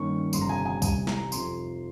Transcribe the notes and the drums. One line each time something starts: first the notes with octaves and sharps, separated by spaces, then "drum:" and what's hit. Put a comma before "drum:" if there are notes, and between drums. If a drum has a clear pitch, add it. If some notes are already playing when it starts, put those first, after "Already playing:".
Already playing: G2 D#3 A#3 C#4 C#6
G1 F2 C3 G3 C#4 C6, drum: tambourine
A#5
G#5
G#5
C2 C3 G3 G#5, drum: kick, tambourine
A#5, drum: snare
F1 F2 C3 F3 C6, drum: tambourine